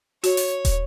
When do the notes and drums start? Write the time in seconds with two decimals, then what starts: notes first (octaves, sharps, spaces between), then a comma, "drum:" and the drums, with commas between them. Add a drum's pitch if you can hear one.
0.24 F#4 C#5, drum: hi-hat
0.37 drum: open hi-hat
0.65 drum: kick, hi-hat